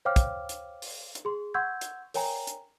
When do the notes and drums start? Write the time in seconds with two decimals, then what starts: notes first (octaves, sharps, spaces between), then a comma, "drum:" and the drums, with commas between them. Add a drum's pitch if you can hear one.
0.05 C5 C#5 F5 G5 D6 F6
0.16 drum: kick, hi-hat
0.49 drum: hi-hat
0.82 drum: open hi-hat
1.15 drum: hi-hat
1.25 G#4 C6
1.54 F#5 C6 C#6 E6 G6 G#6
1.81 drum: hi-hat
2.14 A#4 C#5 G5 G#5 A#5, drum: open hi-hat
2.47 drum: hi-hat